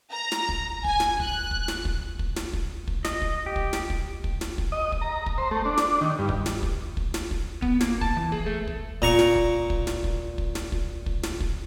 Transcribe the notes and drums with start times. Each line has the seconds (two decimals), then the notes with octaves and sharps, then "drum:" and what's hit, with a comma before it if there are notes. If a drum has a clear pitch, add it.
0.12 A#5
0.32 drum: snare
0.49 drum: kick
0.84 G#5, drum: kick
1.00 drum: snare
1.20 F#6, drum: kick
1.51 drum: kick
1.68 drum: snare
1.85 drum: kick
2.19 drum: kick
2.36 drum: snare
2.53 drum: kick
2.88 drum: kick
3.05 D#5, drum: snare
3.22 drum: kick
3.46 G4
3.56 drum: kick
3.73 drum: snare
3.90 drum: kick
4.24 drum: kick
4.41 drum: snare
4.58 drum: kick
4.72 D#5
4.92 drum: kick
5.01 A#5
5.26 drum: kick
5.38 C5
5.51 A3
5.65 D4
5.77 drum: snare
6.01 D#3
6.19 G2
6.29 drum: kick
6.46 drum: snare
6.63 drum: kick
6.97 drum: kick
7.14 drum: snare
7.31 drum: kick
7.62 B3, drum: kick
7.81 A#3, drum: snare
8.01 A5, drum: kick
8.17 E3
8.32 G#4, drum: kick
8.46 A3
8.67 drum: kick
9.02 A#2 A#5 C#6, drum: kick
9.19 drum: snare
9.36 drum: kick
9.70 drum: kick
9.87 drum: snare
10.04 drum: kick
10.38 drum: kick
10.55 drum: snare
10.72 drum: kick
11.06 drum: kick
11.23 drum: snare
11.40 drum: kick